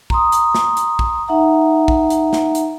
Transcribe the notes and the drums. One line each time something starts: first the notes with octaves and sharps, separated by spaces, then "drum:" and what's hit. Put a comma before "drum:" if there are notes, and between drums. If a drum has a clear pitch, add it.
A#5 C6 D#6, drum: kick
drum: hi-hat
drum: snare
drum: hi-hat
drum: kick
D#4 E5 F#5 A#5
drum: kick
drum: hi-hat
drum: snare
drum: hi-hat